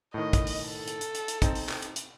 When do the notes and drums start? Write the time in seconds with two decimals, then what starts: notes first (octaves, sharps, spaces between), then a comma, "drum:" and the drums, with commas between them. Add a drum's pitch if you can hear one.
0.14 A2 D#3 D#5
0.33 drum: kick, hi-hat
0.47 drum: open hi-hat
0.67 A4
0.88 drum: hi-hat
1.01 drum: hi-hat
1.15 drum: hi-hat
1.28 drum: hi-hat
1.42 C4 D#4, drum: kick, hi-hat
1.55 drum: open hi-hat
1.69 drum: clap
1.83 drum: hi-hat
1.96 drum: hi-hat